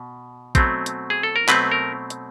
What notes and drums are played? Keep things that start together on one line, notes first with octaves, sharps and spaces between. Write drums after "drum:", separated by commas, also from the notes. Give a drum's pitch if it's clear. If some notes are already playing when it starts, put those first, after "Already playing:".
Already playing: B2
B2 F#3 A3 C4, drum: kick, hi-hat
drum: hi-hat
G#4
A4
A#4
B2 F#3 A3 C4 B4, drum: clap
A#4
drum: hi-hat